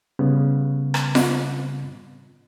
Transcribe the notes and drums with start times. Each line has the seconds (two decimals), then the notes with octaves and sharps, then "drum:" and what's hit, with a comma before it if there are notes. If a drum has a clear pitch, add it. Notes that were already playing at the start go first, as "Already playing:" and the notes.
0.19 C#3 G3 B3
0.94 drum: rim click
1.15 drum: snare F4